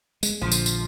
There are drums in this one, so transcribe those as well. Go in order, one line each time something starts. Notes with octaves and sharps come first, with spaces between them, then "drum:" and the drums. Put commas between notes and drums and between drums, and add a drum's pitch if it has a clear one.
G#3, drum: tambourine
A#1 D3 F3
drum: tambourine
drum: tambourine